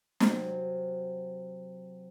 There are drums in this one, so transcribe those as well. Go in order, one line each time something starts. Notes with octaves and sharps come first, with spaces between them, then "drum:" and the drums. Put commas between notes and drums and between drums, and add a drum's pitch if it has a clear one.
C3 F#3, drum: snare